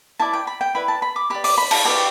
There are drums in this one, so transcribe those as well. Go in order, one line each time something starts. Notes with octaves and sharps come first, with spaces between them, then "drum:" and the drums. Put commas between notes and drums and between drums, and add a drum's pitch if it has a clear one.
E4 B4 D5 A5
G5
B5
G5
E4 B4 D5 B5
A5
B5
D6
G4 B4 D5 B5
D6, drum: open hi-hat
B5
A5, drum: cymbal
G4 B4 D5 G5